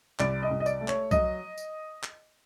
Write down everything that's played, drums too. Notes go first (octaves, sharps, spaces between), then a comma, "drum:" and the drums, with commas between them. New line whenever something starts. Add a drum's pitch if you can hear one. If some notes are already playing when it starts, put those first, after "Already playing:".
C2 D5, drum: clap
D#5
C2
D#5
D5, drum: tambourine
A3
C#5, drum: clap
F#3 D#5, drum: kick, tambourine
drum: tambourine
drum: clap